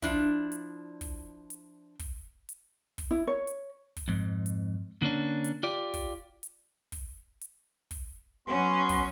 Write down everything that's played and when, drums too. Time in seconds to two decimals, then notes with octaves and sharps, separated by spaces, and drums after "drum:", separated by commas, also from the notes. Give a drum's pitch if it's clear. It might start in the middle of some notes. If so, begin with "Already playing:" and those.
0.02 F3 D4 E4, drum: kick, open hi-hat
0.52 drum: hi-hat
1.01 drum: kick, open hi-hat
1.50 drum: hi-hat
1.99 drum: kick, open hi-hat
2.49 drum: hi-hat
2.98 drum: kick, open hi-hat
3.11 E4
3.27 C#5
3.47 drum: hi-hat
3.97 drum: kick, open hi-hat
4.08 F2 G#2
4.46 drum: hi-hat
5.02 D3 A#3 C#4 D4
5.44 drum: hi-hat
5.63 F4 G4 D5
5.94 drum: kick, open hi-hat
6.43 drum: hi-hat
6.92 drum: kick, open hi-hat
7.41 drum: hi-hat
7.91 drum: kick, open hi-hat
8.48 F#3 B3 C#4 F#4 C6
8.89 drum: kick, open hi-hat